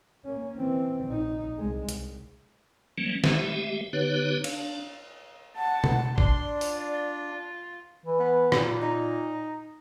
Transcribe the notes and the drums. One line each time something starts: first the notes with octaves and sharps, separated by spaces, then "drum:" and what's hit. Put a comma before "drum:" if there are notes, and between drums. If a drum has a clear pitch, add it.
A#3 C#4
E3 C4
A#1 D#4
C2 G#3
C2, drum: hi-hat
E3 F#3 G3 A3 A#3 C#4
G#3 A3 G4 E5, drum: snare
D3 B3 D#4 G4 B4 C#5
D4, drum: cymbal
F#5 A5
drum: tom B2
D4 D5 C6, drum: kick G#1
F4, drum: open hi-hat
E3
B3
A#2, drum: rim click
D#4